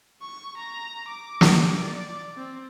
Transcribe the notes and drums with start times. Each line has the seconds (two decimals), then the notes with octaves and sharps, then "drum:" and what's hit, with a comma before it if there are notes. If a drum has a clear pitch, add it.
0.22 C#6
0.57 A#5
1.09 D6
1.41 drum: snare
1.82 D5
2.37 C4